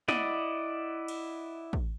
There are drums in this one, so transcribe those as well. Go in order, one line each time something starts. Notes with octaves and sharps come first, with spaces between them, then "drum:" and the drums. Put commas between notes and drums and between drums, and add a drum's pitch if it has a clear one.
E4 D5 D#5 F#5, drum: snare
drum: cymbal
drum: kick